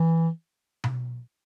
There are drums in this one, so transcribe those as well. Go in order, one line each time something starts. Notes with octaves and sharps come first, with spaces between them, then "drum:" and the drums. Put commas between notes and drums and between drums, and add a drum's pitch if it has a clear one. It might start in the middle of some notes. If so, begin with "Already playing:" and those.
Already playing: E3
drum: tom B2